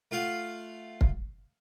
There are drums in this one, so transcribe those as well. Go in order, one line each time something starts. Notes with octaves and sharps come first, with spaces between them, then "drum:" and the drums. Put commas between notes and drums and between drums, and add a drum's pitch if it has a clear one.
A3 F4 F5 F#5
drum: kick